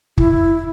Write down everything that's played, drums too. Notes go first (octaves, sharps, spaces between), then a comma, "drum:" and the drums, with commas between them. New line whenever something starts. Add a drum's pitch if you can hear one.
E4, drum: kick